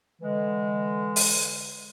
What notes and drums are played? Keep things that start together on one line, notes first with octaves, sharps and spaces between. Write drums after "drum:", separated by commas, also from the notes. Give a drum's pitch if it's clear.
D3 E3 G#3
drum: open hi-hat